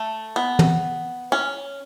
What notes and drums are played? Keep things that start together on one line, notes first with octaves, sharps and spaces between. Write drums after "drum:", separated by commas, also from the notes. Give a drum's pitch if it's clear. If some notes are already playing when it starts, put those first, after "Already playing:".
Already playing: A3
B3
drum: tom
C#4